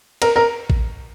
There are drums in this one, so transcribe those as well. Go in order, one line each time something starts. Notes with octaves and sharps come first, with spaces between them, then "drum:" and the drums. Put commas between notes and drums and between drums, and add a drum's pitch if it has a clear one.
A#4, drum: cymbal
A#4
drum: kick A1